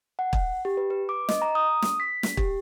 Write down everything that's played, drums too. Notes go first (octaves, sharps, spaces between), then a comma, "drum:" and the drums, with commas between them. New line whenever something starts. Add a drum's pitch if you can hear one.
F#5
drum: kick
G4
B4
B4
D6
D#5, drum: snare
A#5
D#6
drum: snare
B6
drum: snare
G4, drum: kick